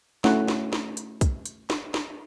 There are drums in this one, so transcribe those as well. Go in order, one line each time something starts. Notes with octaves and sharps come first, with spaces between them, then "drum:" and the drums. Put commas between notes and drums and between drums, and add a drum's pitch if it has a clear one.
A3 C#4 E4 F#4 C#5 F#5, drum: snare
drum: snare
drum: snare
drum: hi-hat
drum: kick, hi-hat
drum: hi-hat
drum: snare
drum: snare